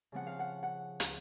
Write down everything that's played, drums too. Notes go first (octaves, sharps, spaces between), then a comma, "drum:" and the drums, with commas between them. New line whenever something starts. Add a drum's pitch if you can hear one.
C#3 F3 C4 F#5
F5
F#5
F#5
drum: hi-hat